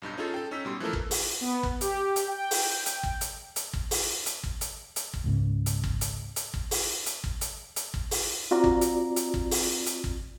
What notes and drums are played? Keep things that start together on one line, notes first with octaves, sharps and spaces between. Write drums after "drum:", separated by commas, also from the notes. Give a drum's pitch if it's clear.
B1 G2 D#4 G6
C#4 D#4 F4 G#4 A4
A4 G5
C#4 D#4 E6 B6
B2 G3 C6
E3 F3 A3 A4 A#4
drum: kick
drum: open hi-hat
B3
drum: kick
G4, drum: hi-hat
drum: hi-hat
G5
drum: open hi-hat
drum: hi-hat
drum: kick
drum: hi-hat
drum: hi-hat
drum: kick
drum: open hi-hat
drum: hi-hat
drum: kick
drum: hi-hat
drum: hi-hat
drum: kick
C#2 G#2 C#3
drum: hi-hat
drum: kick
drum: hi-hat
drum: hi-hat
drum: kick
drum: open hi-hat
drum: hi-hat
drum: kick
drum: hi-hat
drum: hi-hat
drum: kick
drum: open hi-hat
C4 F4 F#4 D5 A#5
drum: kick
drum: hi-hat
drum: hi-hat
drum: kick
drum: open hi-hat
drum: hi-hat
drum: kick